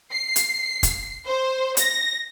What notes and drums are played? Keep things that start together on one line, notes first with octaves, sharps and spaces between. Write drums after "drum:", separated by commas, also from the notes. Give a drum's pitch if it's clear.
C7
drum: hi-hat
drum: kick, hi-hat
C5
A#6, drum: hi-hat